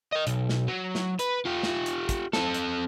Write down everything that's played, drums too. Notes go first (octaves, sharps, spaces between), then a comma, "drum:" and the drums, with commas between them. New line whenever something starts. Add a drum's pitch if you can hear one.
A#4 D#5
B1, drum: hi-hat
drum: snare
F#3
drum: snare
B4, drum: hi-hat
F4 G4
drum: snare
drum: hi-hat
drum: kick, hi-hat
C4 A4, drum: snare
drum: hi-hat